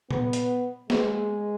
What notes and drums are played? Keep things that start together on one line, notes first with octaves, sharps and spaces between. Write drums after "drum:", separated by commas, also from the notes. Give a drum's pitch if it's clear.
B3, drum: tom A#2
drum: hi-hat
G#3, drum: snare